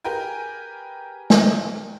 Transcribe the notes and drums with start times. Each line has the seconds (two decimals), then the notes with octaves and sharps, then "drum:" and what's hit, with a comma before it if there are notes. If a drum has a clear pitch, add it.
0.04 G4 G#4 A#4 B4 G5 G#5
1.30 drum: snare